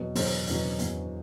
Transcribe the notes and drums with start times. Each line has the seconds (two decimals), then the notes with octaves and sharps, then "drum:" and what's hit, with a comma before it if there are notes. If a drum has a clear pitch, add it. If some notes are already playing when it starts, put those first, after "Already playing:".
Already playing: E2 B2 F#3
0.15 E2 B2 F#3 C5, drum: open hi-hat
0.47 E2 B2 F#3, drum: hi-hat
0.79 E2 B2 F#3, drum: hi-hat